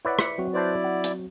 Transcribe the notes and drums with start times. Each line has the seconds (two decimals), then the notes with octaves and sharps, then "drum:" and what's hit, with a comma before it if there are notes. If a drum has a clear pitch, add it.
0.05 E4 B4 C#5 D5 F#5
0.19 B6 C#7, drum: rim click
0.38 F#3 C4 F#4
0.53 E4 B4 C5 D5 A5
0.84 F#5
1.04 drum: hi-hat